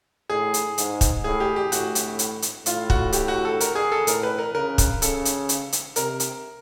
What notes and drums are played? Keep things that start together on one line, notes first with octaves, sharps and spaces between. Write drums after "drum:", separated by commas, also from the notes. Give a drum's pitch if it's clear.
A2 G#4
drum: hi-hat
G#2, drum: hi-hat
drum: kick, hi-hat
A2 G#4
G4
G4
A2 F#4, drum: hi-hat
drum: hi-hat
drum: hi-hat
drum: hi-hat
A2 F4, drum: hi-hat
F#4, drum: kick
G4, drum: hi-hat
F#4
A4
A#4, drum: hi-hat
G#4
A4
A2 A#4, drum: hi-hat
B4
A#4
C#3 A#4
drum: kick, hi-hat
C#3 A4, drum: hi-hat
drum: hi-hat
drum: hi-hat
drum: hi-hat
C3 A#4, drum: hi-hat
drum: hi-hat